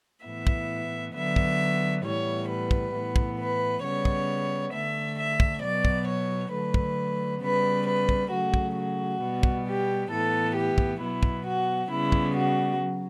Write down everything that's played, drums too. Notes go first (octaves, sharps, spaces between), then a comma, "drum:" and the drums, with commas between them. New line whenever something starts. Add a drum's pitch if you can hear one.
A2 E3 B3 E5
drum: kick
D3 F#3 B3 E5
drum: kick
A2 E3 G3 B3 C#5
B4
drum: kick
A2 E3 B3
drum: kick
B4
C#3 G3 B3 C#5
drum: kick
D3 A3 E5
E5
drum: kick
B2 F#3 B3 D5
drum: kick
C#5
D3 F#3 A3 B4
drum: kick
C#3 G3 B3 B4
B4
drum: kick
C#3 F#3 A3 F#4
drum: kick
F#4
B2 G3 B3
drum: kick
G4
A2 E3 B3 A4
G4
drum: kick
B2 F#3 B3 E4
drum: kick
F#4
C#3 G3 B3 E4
drum: kick
F#4
F#3